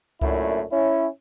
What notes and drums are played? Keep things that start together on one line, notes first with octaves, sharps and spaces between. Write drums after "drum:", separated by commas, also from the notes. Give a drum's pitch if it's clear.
F#2 A#2 D3 A3 E4, drum: kick C#2
C#4 E4